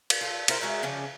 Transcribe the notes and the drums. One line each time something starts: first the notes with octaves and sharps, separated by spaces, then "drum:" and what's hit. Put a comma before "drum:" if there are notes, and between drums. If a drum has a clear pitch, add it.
drum: cymbal
F4 A4
C4 E4 A#4 C5, drum: cymbal
G#3 F#4 A#4 E5
C#3 F3 C#4 D4